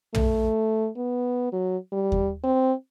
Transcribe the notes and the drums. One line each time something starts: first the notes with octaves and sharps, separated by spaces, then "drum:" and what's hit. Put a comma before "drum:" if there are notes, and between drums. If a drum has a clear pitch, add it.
A3, drum: tom
B3
F#3
G3
drum: kick D#2
C4